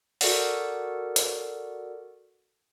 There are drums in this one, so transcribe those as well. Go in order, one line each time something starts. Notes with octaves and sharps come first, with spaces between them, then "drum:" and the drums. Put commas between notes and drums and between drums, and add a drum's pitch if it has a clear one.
F#4 A4 A#4 D5 F#5, drum: open hi-hat
drum: hi-hat